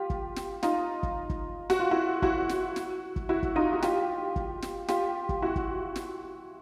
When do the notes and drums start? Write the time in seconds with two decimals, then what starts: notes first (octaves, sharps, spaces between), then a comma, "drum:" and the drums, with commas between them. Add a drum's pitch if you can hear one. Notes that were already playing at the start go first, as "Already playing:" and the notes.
Already playing: F4 G4
0.10 drum: kick
0.36 drum: snare
0.63 D#4 F4, drum: snare
1.03 drum: kick
1.30 drum: kick
1.70 F#4, drum: snare
1.80 F4
1.91 E4 F#4
2.22 E4 F#4, drum: kick
2.49 drum: snare
2.76 drum: snare
3.16 drum: kick
3.29 E4 F#4
3.43 drum: kick
3.56 D#4 F4
3.73 F#4
3.82 F4 G4, drum: snare
4.36 drum: kick
4.62 drum: snare
4.88 F4 G4, drum: snare
5.29 drum: kick
5.42 E4 F#4
5.56 drum: kick
5.96 drum: snare